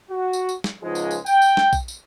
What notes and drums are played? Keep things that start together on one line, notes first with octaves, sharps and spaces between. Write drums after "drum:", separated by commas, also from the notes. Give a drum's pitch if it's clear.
F#4
drum: tambourine
drum: tambourine
drum: snare
C#2 G#2 F3 G#3
drum: tambourine
drum: tambourine
G5, drum: tambourine
drum: tambourine
drum: snare
drum: kick B1, tambourine
drum: tambourine